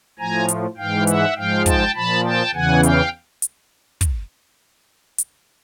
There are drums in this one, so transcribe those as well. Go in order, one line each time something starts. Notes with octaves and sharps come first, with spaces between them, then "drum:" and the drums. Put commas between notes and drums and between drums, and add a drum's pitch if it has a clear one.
A2 F3 G#5 A#5
drum: hi-hat
G#2 E3 F5 G5
E5 F#5, drum: hi-hat
G#2 F3 F5 G5
G5 A5, drum: kick, hi-hat
A#2 F3 A5 B5
G5 A5
E2 C#3 E3 F#5 G#5
F5 G5, drum: hi-hat
drum: hi-hat
drum: kick, hi-hat
drum: hi-hat